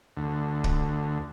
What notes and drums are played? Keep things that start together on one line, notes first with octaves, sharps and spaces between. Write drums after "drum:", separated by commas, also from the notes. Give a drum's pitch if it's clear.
D2
drum: kick